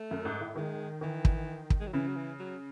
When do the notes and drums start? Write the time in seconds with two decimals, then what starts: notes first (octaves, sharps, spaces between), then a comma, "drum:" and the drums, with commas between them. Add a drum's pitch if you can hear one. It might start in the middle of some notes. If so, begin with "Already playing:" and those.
Already playing: A3
0.11 F#2
0.25 G#2
0.40 A2
0.56 D#3 G#3
1.01 D#3 E3
1.25 drum: kick
1.70 drum: kick
1.80 G#3
1.87 F#3
1.93 C#3 E3
2.07 F#3
2.15 E3
2.39 F#3